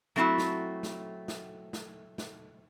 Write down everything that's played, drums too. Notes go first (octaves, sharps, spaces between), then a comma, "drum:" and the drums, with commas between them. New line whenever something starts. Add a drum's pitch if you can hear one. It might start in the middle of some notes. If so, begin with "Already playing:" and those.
F#3 A3 C4 D#4 E4 F#4
drum: snare
drum: snare
drum: snare
drum: snare
drum: snare